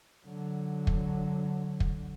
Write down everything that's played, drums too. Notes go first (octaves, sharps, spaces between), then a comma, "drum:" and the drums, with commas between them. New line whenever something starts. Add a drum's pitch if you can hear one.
D3 F#3
drum: kick
drum: kick